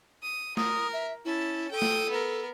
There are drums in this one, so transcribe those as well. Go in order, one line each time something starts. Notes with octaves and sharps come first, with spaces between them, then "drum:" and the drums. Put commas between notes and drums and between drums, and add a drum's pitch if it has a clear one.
D#6
A#4 D#6, drum: snare
E5
C#4 E4 A5
A4 G5 D#6
drum: snare
B3 A#4